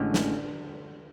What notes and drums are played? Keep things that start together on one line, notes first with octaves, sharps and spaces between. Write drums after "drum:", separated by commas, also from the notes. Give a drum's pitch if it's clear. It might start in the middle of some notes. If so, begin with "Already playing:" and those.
Already playing: A1 A2 D3 G#3 C#4
drum: snare